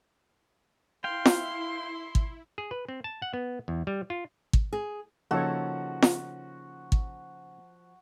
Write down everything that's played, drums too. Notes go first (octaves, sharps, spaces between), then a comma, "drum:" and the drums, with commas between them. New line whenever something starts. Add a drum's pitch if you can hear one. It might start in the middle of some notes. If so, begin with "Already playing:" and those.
E4 F5 G5 C6
drum: snare
drum: kick
G#4
B4
C4
A5
F#5
B3
E2
G3
F4
drum: kick
G#4
C#3 F3 A#3 D#4 F#4 A4 C#5
drum: snare
drum: kick